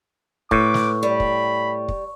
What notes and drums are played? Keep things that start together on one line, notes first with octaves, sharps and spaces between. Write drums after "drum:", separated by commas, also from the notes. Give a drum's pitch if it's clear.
A2 B4 C#6 D6, drum: kick
drum: snare
G3 B5
drum: kick
drum: kick